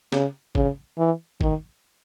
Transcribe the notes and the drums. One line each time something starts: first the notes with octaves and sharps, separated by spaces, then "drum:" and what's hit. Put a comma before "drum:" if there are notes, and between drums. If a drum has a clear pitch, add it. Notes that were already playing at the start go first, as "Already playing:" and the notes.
C#3, drum: snare
C#3, drum: kick
E3
D#3, drum: kick